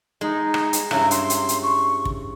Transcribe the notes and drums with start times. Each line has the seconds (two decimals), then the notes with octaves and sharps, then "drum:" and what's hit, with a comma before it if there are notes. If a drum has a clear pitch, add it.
0.21 G#3 D#4
0.54 drum: rim click
0.73 drum: hi-hat
0.91 G2 C#3 E4 A#5, drum: rim click
1.11 C6, drum: hi-hat
1.30 drum: hi-hat
1.49 drum: hi-hat
1.62 C#6
2.05 drum: kick